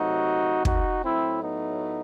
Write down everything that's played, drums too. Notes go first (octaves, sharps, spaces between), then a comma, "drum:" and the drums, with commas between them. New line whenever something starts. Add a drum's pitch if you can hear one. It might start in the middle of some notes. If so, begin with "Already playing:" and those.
Already playing: C3 F#3 A3 D#4 F#4
D#4 F#4, drum: kick
A2 F#3 A3 C4 E4
B3 D#4